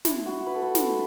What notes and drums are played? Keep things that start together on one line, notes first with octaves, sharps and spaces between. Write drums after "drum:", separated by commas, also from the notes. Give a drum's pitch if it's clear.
E4, drum: snare
F#4
B4
A4
B4
drum: snare